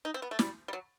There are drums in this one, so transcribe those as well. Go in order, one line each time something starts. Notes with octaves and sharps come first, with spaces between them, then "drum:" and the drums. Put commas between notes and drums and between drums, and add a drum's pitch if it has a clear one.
D#4
C4
B3
A3
G3, drum: snare
G3
F#3